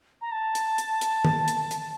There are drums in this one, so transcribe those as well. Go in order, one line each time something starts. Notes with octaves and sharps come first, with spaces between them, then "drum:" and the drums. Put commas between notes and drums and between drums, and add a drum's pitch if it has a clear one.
A#5
A5
drum: hi-hat
drum: hi-hat
drum: hi-hat
drum: tom
drum: hi-hat
drum: hi-hat